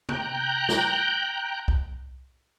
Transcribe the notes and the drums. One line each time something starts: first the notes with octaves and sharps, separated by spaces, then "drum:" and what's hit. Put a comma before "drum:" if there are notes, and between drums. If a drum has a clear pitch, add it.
G5 A#5 F#6 G6, drum: tom
drum: snare
drum: kick C2